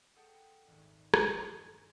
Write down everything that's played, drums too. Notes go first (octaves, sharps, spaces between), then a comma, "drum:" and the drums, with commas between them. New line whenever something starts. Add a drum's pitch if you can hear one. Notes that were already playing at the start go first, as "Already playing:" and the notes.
G#4 A4 F#5 G5
D#1 G#1
G2 G#5 D#6, drum: rim click
C6